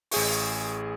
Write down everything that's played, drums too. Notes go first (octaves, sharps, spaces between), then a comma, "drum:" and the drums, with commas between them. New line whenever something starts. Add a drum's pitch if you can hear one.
A1 G#4 C#6, drum: open hi-hat